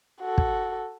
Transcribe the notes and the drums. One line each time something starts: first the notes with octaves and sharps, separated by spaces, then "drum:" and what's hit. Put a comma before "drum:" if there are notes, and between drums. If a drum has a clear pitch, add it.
F#4 A4
drum: kick